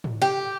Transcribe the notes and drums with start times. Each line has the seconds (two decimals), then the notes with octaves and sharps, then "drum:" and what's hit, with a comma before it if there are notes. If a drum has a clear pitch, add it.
0.04 drum: tom G#2
0.22 G4